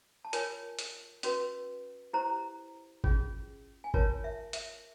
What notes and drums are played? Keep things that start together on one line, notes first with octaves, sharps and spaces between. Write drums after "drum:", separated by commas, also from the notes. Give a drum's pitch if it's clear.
A5
F4 A#4 C#5 G#5, drum: hi-hat
drum: hi-hat
C#4 F#4 B4, drum: hi-hat
E4 G4 C5 A#5
C#4 F4 G#4, drum: kick
G#5
F4 A#4 C#5 A5, drum: kick
E5
E5, drum: hi-hat